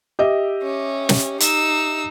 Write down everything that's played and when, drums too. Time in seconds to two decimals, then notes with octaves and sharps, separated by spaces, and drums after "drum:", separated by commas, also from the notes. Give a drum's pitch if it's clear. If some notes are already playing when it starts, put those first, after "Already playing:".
0.19 G4 D#5 E5
0.63 C#4
1.09 drum: snare
1.40 D#4 E6, drum: hi-hat